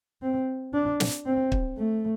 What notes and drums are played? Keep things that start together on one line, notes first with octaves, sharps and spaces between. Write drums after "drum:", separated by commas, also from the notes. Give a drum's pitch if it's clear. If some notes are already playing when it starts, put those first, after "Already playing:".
C4
D4
drum: snare
C4
drum: kick
A3